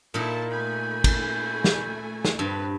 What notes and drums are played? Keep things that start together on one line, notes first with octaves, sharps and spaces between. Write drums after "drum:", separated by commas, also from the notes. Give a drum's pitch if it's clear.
A#2 A#3 D#4 E4 A5
A3 G#5 B5 G6
drum: kick, cymbal
drum: snare
drum: snare
G2 C4 B4